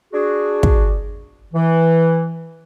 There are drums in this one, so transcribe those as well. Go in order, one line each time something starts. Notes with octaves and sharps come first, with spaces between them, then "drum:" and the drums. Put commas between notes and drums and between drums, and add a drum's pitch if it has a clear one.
D4 F#4 G#4
drum: kick
E3